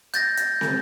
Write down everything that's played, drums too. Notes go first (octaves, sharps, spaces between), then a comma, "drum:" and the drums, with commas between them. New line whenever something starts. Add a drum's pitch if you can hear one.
G6 A6 A#6, drum: hi-hat
drum: hi-hat
drum: snare